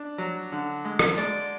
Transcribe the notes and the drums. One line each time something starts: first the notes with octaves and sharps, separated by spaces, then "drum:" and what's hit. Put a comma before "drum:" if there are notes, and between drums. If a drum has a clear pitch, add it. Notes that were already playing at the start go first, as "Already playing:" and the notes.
Already playing: D4
F#3
D3
G#3
drum: rim click
G#3 D5